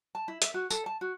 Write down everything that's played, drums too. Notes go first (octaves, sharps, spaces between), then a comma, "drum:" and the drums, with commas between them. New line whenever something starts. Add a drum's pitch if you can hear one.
A5
E4
E5, drum: hi-hat
F#4
A4, drum: tambourine
A5
F#4